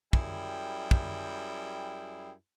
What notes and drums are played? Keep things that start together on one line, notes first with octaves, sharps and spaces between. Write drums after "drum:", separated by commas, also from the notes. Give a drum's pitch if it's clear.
F#2 G3 E4 G#4 G5, drum: kick
drum: kick